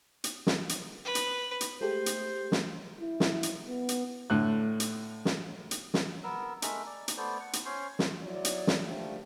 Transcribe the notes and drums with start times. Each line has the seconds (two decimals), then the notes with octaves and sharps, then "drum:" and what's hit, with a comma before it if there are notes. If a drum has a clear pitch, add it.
0.24 drum: hi-hat
0.47 drum: snare
0.69 drum: hi-hat
1.05 B4
1.15 drum: hi-hat
1.61 drum: hi-hat
1.81 G#3 A3 G4 C5
2.06 drum: hi-hat
2.52 drum: snare
3.01 E4
3.20 drum: snare
3.43 drum: hi-hat
3.65 B3
3.89 drum: hi-hat
4.30 A2 D3 F#6
4.80 drum: hi-hat
5.25 drum: snare
5.71 drum: hi-hat
5.94 drum: snare
6.24 B3 A#4 E6
6.62 G#3 A3 A#4 E5, drum: hi-hat
6.86 D5
7.08 drum: hi-hat
7.17 A3 B3 C5 D5
7.40 F#5
7.53 drum: hi-hat
7.65 C#4 C5 C#5 C6
7.99 drum: snare
8.22 F#3 E4 D5
8.45 drum: hi-hat
8.67 drum: snare
8.85 D3 F3 G3 A3